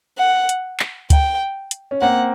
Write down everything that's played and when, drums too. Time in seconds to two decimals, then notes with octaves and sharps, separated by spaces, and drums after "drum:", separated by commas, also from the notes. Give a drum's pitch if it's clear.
0.18 F#5
0.49 drum: hi-hat
0.80 drum: clap
1.10 G5, drum: kick, hi-hat
1.71 drum: hi-hat
1.91 C#4
2.01 A#3 C4 F#5